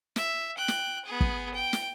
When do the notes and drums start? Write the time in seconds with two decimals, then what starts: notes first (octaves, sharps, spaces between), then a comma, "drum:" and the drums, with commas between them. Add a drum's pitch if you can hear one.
0.16 E5, drum: snare
0.57 G5 F#6
0.68 drum: snare
1.05 B3 G#4
1.20 drum: kick
1.54 G5
1.73 drum: snare